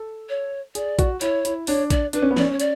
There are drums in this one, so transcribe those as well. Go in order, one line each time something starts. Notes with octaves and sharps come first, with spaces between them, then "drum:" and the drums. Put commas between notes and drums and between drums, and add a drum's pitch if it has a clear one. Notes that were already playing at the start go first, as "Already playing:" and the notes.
Already playing: A4
C#5
G#4 D5, drum: hi-hat
F#4, drum: kick A#1, hi-hat
E4 C#5, drum: hi-hat
E4, drum: hi-hat
D4 C#5, drum: open hi-hat
D5, drum: kick A#1, hi-hat
D4 B4, drum: hi-hat
C#4
B3
C#4 D5, drum: snare
C#5
D5, drum: hi-hat